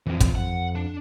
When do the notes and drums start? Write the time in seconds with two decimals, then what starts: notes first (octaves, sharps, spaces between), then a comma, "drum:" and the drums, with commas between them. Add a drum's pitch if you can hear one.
0.06 F2 E3 C4
0.20 drum: kick, hi-hat
0.35 F#5
0.75 D4